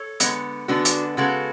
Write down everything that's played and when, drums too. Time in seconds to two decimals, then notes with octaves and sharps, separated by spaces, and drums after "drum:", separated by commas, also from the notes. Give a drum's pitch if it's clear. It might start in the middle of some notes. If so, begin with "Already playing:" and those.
Already playing: A4 C#5
0.20 D3 G#3 B3, drum: hi-hat
0.68 D3 G#3 B3 D4 F#4
0.85 drum: hi-hat
1.17 C#3 G#3 B3 F#4 A4